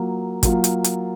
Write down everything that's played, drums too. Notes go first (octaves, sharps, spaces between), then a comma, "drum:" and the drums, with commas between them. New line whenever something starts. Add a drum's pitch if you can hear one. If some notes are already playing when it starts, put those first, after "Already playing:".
Already playing: F#3 A#3 F4
F#3 A#3 F4, drum: kick, hi-hat
drum: hi-hat
drum: hi-hat